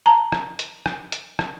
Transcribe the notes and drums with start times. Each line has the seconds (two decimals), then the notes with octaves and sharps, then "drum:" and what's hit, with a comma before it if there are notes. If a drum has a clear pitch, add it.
0.06 A5 A#5
0.32 drum: rim click
0.59 drum: hi-hat
0.86 drum: rim click
1.12 drum: hi-hat
1.39 drum: rim click